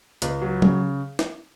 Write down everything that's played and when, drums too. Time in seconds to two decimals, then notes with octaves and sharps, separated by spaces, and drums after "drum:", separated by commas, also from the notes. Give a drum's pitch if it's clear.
0.22 C#2, drum: hi-hat
0.42 F#3
0.62 C#3, drum: tom
1.19 drum: snare